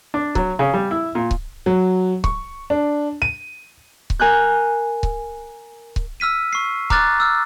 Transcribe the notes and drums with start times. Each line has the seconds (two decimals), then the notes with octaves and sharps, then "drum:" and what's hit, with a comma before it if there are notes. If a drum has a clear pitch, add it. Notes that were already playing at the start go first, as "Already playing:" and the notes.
0.14 D4
0.35 F#3, drum: kick C#1
0.59 C#3
0.74 G3
0.91 E4
1.15 A#2
1.31 drum: kick C#1
1.66 F#3
2.24 C#6, drum: kick C#1
2.70 D4
3.22 D#7
4.10 drum: kick C#1
4.20 A#4 G#5 F#6 G6
5.03 drum: kick C#1
5.96 drum: kick C#1
6.20 E6 F6 B6 D#7
6.53 C#6 C7
6.90 A#5 D6 F6 F#6 A6, drum: kick C#1
7.20 E6 F6